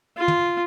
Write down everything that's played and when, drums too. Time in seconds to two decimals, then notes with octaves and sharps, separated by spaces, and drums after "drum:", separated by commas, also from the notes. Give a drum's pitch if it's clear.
0.17 F4
0.28 drum: tom